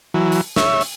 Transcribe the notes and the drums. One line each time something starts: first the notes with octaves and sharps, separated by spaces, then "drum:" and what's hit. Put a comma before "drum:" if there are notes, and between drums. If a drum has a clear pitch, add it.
E3 F#3
drum: open hi-hat
C#5 E5, drum: snare
drum: open hi-hat